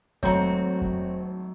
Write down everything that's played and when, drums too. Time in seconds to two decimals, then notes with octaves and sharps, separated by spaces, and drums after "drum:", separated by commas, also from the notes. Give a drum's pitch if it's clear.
0.23 G#1 F#3 A3 C4 F#4 C#5 A#5, drum: kick F2
0.81 drum: kick F2